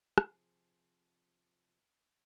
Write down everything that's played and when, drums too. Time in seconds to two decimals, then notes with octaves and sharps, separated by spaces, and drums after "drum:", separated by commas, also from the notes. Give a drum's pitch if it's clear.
0.18 C3 F3 G#4, drum: rim click